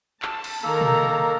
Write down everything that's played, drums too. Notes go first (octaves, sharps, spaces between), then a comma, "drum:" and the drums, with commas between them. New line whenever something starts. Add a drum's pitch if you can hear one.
A5, drum: clap
drum: cymbal
D#3 A#3 A4 A#4 A#5
drum: tom B2